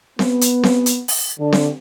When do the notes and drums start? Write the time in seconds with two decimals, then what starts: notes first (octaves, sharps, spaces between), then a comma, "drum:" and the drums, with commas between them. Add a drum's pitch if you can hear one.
0.19 B3, drum: snare C4
0.41 drum: hi-hat
0.64 drum: snare C4
0.86 drum: hi-hat
1.08 drum: open hi-hat
1.39 D3
1.53 drum: snare C4